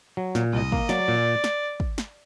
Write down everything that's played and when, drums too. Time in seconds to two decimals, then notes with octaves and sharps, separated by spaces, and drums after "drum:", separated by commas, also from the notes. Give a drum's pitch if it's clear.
0.17 F#3
0.35 A#2, drum: snare
0.53 C2 D#5
0.72 A#3, drum: kick
0.89 F#3 D5, drum: snare
1.08 A#2
1.44 drum: snare
1.80 drum: kick
1.98 drum: snare